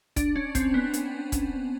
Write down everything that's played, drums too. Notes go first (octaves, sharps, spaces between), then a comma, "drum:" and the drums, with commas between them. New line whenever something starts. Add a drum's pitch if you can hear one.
D4, drum: kick, hi-hat
C#4
C4, drum: kick, hi-hat
B3
drum: hi-hat
drum: kick, hi-hat